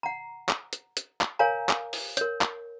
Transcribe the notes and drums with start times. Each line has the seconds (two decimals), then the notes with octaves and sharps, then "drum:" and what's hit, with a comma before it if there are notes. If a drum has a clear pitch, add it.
0.03 F#5 A#5
0.49 drum: clap
0.73 drum: hi-hat
0.97 drum: hi-hat
1.21 drum: clap
1.39 A#4 C#5 F5 G#5 A#5
1.69 drum: clap
1.93 drum: open hi-hat
2.17 A#4 C#5, drum: hi-hat
2.41 drum: clap